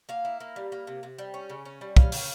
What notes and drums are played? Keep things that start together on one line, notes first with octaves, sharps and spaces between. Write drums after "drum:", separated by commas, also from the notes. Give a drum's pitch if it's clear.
A#3 F5
E4
A#3
G3
A#3
C3
C3
G3
C#4
C#3
C#4
G3
C#4 F5, drum: kick
C#3, drum: open hi-hat